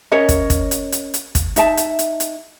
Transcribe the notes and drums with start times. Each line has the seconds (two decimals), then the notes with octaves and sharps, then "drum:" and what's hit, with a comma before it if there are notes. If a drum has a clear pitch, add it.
0.12 C#4 A#4 C#5 D#5
0.29 drum: kick, hi-hat
0.50 drum: kick, hi-hat
0.71 drum: hi-hat
0.92 drum: hi-hat
1.14 drum: hi-hat
1.35 drum: kick, hi-hat
1.56 D#4 E5 A5, drum: hi-hat
1.77 drum: hi-hat
1.99 drum: hi-hat
2.20 drum: hi-hat